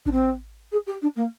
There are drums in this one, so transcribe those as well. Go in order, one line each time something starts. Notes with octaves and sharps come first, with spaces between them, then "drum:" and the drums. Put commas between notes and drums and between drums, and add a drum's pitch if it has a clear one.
D4, drum: kick A1
C4
G#4
G4
D4
A#3